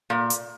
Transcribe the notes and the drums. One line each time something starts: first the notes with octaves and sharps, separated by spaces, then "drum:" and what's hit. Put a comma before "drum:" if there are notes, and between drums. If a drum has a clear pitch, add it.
A#2
drum: hi-hat